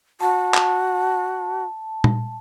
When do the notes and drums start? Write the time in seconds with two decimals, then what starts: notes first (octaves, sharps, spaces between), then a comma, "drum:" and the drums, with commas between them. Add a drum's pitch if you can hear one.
0.21 F#4 A5
0.54 drum: clap
2.04 drum: tom A#2